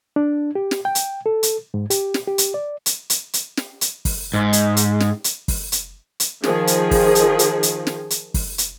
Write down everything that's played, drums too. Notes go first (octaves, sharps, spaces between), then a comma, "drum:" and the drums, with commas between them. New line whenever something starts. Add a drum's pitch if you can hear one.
D4
G4
drum: snare
G5
drum: hi-hat
A4
drum: hi-hat
G#2
G4, drum: hi-hat
drum: snare
G4
drum: hi-hat
D5
drum: hi-hat
drum: hi-hat
drum: hi-hat
drum: snare
drum: hi-hat
drum: kick, open hi-hat
G#2
drum: hi-hat
drum: hi-hat
drum: snare
drum: hi-hat
drum: kick, open hi-hat
drum: hi-hat
drum: hi-hat
D#3 F3 G#4, drum: snare
drum: hi-hat
drum: kick, open hi-hat
drum: hi-hat
drum: hi-hat
drum: hi-hat
drum: snare
drum: hi-hat
drum: kick, open hi-hat
drum: hi-hat